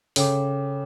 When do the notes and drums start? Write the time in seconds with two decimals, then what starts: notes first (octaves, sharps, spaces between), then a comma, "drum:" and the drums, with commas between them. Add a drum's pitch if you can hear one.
0.16 C#3 A4 C#5 G5 D6, drum: open hi-hat